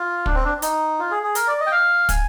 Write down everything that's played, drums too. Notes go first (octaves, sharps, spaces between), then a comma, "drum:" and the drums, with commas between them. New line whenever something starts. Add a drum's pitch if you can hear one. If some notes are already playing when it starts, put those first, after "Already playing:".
Already playing: F4
D4, drum: kick
C4
D4
D#4, drum: hi-hat
F4
G#4
G#4
A#4, drum: hi-hat
D5
D#5
G5
F5
G#5, drum: kick, hi-hat